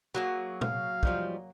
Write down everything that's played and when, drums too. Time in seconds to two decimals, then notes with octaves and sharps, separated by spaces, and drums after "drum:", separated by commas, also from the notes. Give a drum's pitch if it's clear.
0.15 F#3 A#3 G#4
0.61 F5, drum: tom A#2
1.03 F3 G3 D#4, drum: kick